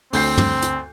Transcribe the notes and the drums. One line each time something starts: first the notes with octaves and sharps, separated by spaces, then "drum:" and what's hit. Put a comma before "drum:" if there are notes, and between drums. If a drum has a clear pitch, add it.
D2 C4 G6 C7, drum: open hi-hat
drum: tom
drum: hi-hat